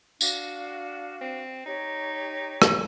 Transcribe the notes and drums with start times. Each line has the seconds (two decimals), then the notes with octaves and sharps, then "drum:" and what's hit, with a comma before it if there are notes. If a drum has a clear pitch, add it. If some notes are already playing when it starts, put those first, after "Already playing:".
0.21 D4 F#4 F5, drum: tambourine
1.21 C4
1.66 D#4 G4 C#5
2.62 drum: rim click